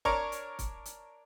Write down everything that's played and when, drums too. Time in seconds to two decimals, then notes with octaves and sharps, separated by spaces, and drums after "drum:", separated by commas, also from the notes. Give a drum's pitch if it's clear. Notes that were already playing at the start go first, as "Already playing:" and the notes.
0.05 D4 A#4 C#5 A#5 C#6 D6, drum: kick
0.32 drum: hi-hat
0.59 drum: kick, hi-hat
0.85 drum: hi-hat